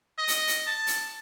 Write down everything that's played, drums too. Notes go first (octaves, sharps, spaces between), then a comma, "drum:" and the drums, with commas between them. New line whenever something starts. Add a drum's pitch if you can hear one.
D#5
drum: hi-hat
drum: hi-hat
A5
drum: hi-hat